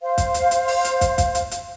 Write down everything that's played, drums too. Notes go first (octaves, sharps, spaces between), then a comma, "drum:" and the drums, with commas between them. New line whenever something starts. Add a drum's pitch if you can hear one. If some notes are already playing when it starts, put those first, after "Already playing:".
C5 F5
drum: kick, hi-hat
drum: hi-hat
drum: hi-hat
drum: open hi-hat
drum: hi-hat
drum: kick, hi-hat
drum: kick, hi-hat
drum: hi-hat
drum: hi-hat